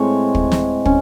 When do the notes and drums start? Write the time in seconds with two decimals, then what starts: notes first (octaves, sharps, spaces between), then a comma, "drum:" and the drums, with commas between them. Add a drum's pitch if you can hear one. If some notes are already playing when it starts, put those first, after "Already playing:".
Already playing: A2 G#3 C4 C#5
0.35 drum: kick
0.52 drum: snare
0.85 C#4, drum: kick